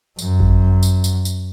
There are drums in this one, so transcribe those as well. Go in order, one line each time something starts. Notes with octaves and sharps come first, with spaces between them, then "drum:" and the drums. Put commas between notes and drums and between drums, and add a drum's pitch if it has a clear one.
F#2, drum: tambourine
drum: kick G#1
drum: tambourine
drum: tambourine
drum: tambourine